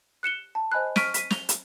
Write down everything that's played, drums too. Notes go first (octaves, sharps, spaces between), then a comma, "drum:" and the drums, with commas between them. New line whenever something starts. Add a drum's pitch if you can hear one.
F#6 C#7 E7 G7
A5
C5 D#5 G#5 B5 F#6
C#6 F6 B6 D7 D#7, drum: snare
B6 D#7, drum: hi-hat
F7 G7, drum: snare
drum: hi-hat